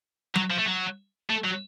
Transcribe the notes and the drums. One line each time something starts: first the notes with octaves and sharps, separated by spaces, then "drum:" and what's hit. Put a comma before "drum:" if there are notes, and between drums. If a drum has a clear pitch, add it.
F#3, drum: tom F#3
F3
A3
F#3
A3
F#3